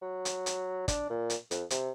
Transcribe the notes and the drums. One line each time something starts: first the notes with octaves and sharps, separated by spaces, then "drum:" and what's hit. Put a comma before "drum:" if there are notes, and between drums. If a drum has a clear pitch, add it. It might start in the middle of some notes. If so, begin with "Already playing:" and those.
F#3
drum: hi-hat
drum: hi-hat
D4, drum: kick, hi-hat
A#2
drum: hi-hat
F2, drum: hi-hat
C3, drum: hi-hat